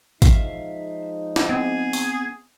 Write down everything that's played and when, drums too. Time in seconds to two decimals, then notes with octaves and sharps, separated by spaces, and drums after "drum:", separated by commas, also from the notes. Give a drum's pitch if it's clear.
0.22 F3 G#3 D#4 E5 F5, drum: kick, hi-hat
1.36 drum: snare
1.49 B3 C4 G#4
1.93 drum: open hi-hat